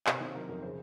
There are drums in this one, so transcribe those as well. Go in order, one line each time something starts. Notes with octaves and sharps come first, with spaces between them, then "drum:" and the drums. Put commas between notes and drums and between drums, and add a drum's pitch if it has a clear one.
C3 C5, drum: clap
D#3 C5
F#3 A#4
F2 A#4
C#3 C5